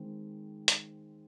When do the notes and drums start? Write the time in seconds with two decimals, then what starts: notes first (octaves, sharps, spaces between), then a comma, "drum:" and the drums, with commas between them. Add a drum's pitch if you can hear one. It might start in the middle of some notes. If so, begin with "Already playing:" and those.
Already playing: D#3 G#3 C4
0.68 drum: hi-hat